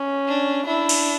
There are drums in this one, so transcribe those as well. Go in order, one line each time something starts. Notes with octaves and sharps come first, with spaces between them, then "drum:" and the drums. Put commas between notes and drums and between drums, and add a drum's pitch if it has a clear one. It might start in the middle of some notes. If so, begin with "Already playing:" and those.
Already playing: C#4
D4
D4 E4
drum: cymbal